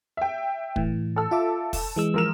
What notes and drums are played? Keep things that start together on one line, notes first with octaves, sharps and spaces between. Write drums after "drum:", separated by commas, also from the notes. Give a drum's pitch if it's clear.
E5 G5
A2 E3, drum: kick
A4 E6
F4 E5 D6
drum: kick, open hi-hat
E3 G#3 E6
F3 A#4 E7